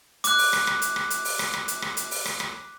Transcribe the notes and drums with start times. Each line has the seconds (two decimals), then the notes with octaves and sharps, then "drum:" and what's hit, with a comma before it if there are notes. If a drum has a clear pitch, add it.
0.24 D6 F#6, drum: hi-hat
0.38 drum: open hi-hat
0.53 drum: rim click
0.67 drum: rim click
0.82 drum: hi-hat
0.96 drum: rim click
1.10 drum: hi-hat
1.25 drum: open hi-hat
1.39 drum: rim click
1.54 drum: rim click
1.68 drum: hi-hat
1.82 drum: rim click
1.97 drum: hi-hat
2.11 drum: open hi-hat
2.25 drum: rim click
2.40 drum: rim click